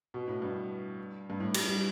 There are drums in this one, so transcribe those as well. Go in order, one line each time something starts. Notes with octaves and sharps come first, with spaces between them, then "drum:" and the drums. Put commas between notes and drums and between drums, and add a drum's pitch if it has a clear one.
B2
A2
G2
G2
A2
G3, drum: cymbal
G3